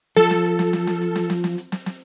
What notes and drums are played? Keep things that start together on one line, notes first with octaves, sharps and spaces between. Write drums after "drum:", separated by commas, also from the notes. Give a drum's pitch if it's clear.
F3 A4, drum: snare
drum: snare
drum: hi-hat
drum: snare
drum: snare
drum: snare
drum: hi-hat
drum: snare
drum: snare
drum: snare
drum: hi-hat
drum: snare
drum: snare